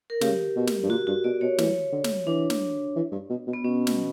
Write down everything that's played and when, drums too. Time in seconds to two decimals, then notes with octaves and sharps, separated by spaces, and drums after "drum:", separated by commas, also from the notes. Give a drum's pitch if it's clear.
0.10 A#4
0.21 C#3 G4, drum: snare
0.56 B2
0.67 drum: snare
0.83 G2
0.90 A#2 F#4
1.07 G2 F#4
1.24 B2 D5
1.41 B2 C#5
1.58 E3, drum: snare
1.92 D3
2.04 drum: snare
2.27 E3 D4
2.50 drum: snare
2.96 E3
3.12 G2
3.30 B2
3.47 B2
3.53 B3
3.64 B2 C#4
3.87 drum: snare